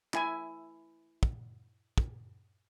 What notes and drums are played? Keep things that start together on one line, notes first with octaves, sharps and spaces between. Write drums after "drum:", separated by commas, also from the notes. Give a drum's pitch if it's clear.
E4 G#5, drum: clap
drum: kick
drum: kick